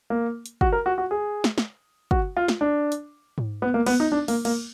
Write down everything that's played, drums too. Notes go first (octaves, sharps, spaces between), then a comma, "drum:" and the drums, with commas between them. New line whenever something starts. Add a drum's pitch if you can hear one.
A#3
drum: hi-hat
F#4, drum: kick
A#4
F#4
F#4
G#4
drum: snare
drum: snare
F#4, drum: kick
F4
drum: snare
D4
drum: hi-hat
drum: tom G#2
B3
A#3
B3, drum: cymbal
D#4
D4
A#3, drum: open hi-hat
A#3, drum: cymbal